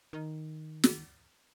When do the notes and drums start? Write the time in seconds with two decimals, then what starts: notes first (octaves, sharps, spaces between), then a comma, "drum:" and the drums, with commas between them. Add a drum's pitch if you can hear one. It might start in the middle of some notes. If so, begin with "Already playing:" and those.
0.13 D#3
0.84 drum: snare